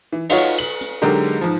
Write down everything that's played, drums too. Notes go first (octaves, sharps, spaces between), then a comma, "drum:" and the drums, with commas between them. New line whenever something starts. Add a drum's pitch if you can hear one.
E3
D#4 F4 F#4 C#5, drum: cymbal
F#7
drum: hi-hat
D3 F#3 G#3 D#4 G4 A#4
G#2 F3